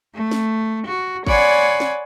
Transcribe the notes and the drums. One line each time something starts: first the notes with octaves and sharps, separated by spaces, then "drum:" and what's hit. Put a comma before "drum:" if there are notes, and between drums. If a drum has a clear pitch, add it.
A3
drum: snare C4
F#4
C#5 D5 F#5 G#5 B5 C6, drum: kick G#1
drum: snare C4